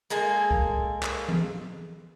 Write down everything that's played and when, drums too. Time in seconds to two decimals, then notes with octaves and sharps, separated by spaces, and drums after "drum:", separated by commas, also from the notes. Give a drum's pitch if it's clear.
0.10 G#3 A#3 A4 G#5
0.51 drum: kick C2
1.03 drum: clap
1.29 drum: tom E3